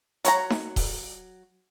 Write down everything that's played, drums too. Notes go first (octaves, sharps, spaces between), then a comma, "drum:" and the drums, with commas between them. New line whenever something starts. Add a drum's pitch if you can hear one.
F#3 C#5 A#5, drum: hi-hat
drum: snare D#4
drum: kick D#1, open hi-hat